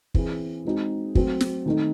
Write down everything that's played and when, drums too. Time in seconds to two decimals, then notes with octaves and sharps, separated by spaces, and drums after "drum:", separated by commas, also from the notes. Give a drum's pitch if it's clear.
0.15 E3 C4 E4 G#4, drum: kick
0.65 G#3 C4 D#4 F#4
1.15 F#3 A3 C4 F#4, drum: kick
1.41 drum: snare
1.66 D#3 A3 C4 D#4